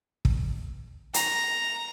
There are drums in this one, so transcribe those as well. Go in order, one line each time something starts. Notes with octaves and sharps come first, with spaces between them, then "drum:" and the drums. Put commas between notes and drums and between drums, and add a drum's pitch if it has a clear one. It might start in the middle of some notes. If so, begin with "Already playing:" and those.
drum: kick
A#5, drum: hi-hat